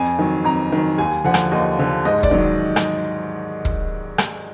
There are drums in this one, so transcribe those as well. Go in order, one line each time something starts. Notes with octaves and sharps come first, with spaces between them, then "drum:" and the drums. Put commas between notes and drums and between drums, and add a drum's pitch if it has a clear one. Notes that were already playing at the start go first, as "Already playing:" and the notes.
Already playing: F2 G#5
D#3 F#3
F2 A#5
D#3 F#3
D#2 G#5
D3 F3 F#5
drum: rim click
D#2 D#5
D3 F3
G#2 D#5
D5, drum: kick
D#3 F#3
drum: rim click
drum: kick
drum: rim click